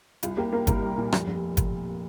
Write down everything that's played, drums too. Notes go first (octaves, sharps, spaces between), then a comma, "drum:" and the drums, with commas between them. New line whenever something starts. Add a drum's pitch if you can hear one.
C2 F4, drum: hi-hat
A#3 G4
A#3 A#4
C2 A#3 A#4, drum: kick G1, hi-hat
C2
A#2
F1, drum: rim click
F1
drum: kick G1, hi-hat